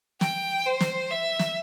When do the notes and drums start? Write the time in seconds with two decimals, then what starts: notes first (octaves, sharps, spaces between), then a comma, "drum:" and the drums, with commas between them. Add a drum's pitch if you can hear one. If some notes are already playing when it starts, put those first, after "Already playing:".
0.21 G5, drum: snare
0.66 C5
0.81 drum: snare
1.10 E5
1.39 drum: snare